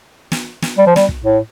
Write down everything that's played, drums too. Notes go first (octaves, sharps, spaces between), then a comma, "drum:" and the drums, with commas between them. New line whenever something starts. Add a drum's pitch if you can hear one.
drum: snare
drum: snare
G3
F3
G3, drum: snare
drum: kick
A2